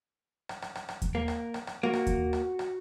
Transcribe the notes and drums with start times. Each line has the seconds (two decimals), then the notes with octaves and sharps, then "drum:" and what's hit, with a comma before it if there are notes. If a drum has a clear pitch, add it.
0.49 drum: rim click
0.62 drum: rim click
0.75 drum: rim click
0.89 drum: rim click
1.02 drum: kick D#2, hi-hat
1.15 A#3
1.28 drum: rim click
1.54 drum: rim click
1.67 drum: rim click
1.83 A#3 F#4
1.93 drum: rim click
2.07 drum: kick D#2, hi-hat
2.33 drum: rim click
2.59 drum: rim click